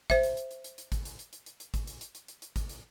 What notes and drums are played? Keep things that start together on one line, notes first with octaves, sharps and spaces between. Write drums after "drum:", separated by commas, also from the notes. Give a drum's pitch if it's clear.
C5 E5, drum: kick, hi-hat
drum: hi-hat
drum: hi-hat
drum: hi-hat
drum: hi-hat
drum: hi-hat
drum: kick, hi-hat
drum: hi-hat
drum: hi-hat
drum: hi-hat
drum: hi-hat
drum: hi-hat
drum: kick, hi-hat
drum: hi-hat
drum: hi-hat
drum: hi-hat
drum: hi-hat
drum: hi-hat
drum: kick, hi-hat
drum: hi-hat